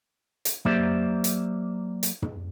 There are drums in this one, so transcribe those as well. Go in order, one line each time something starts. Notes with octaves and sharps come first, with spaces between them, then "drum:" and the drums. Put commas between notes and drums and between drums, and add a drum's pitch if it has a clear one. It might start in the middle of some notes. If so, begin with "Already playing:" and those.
drum: hi-hat
F#3 A#3 G4 C5 D5 E5, drum: tom
drum: hi-hat
drum: hi-hat
drum: tom